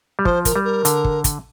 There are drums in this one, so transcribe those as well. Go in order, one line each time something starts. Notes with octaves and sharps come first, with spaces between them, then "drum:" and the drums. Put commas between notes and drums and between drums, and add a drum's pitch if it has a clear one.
G3
F3 C5, drum: kick
A#4, drum: kick, hi-hat
G3
A#4
D3, drum: hi-hat
drum: kick
drum: kick, hi-hat